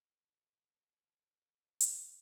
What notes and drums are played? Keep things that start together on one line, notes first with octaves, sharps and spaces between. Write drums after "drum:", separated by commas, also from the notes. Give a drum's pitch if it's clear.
C#3 F3 G3 B3 A4
drum: hi-hat